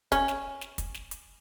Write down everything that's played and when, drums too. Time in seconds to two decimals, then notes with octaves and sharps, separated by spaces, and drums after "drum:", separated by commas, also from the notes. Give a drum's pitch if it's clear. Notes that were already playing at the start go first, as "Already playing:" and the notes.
0.12 C#4, drum: kick, hi-hat
0.28 drum: snare
0.61 drum: snare
0.78 drum: kick, hi-hat
0.95 drum: snare
1.11 drum: hi-hat